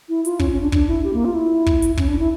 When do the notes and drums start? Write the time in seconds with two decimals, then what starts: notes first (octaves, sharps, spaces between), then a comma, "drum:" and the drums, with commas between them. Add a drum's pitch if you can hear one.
0.09 E4
0.25 F4, drum: hi-hat
0.39 C#4, drum: kick
0.51 C#4
0.61 D4
0.72 D4, drum: kick
0.88 E4
1.04 G4
1.13 A#3
1.25 F4
1.35 E4
1.66 drum: kick
1.82 drum: hi-hat
1.97 C#4, drum: kick
2.08 D4
2.19 E4